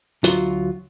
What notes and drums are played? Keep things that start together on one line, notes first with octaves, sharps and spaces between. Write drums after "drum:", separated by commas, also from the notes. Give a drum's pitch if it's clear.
D2 F#3 F4, drum: hi-hat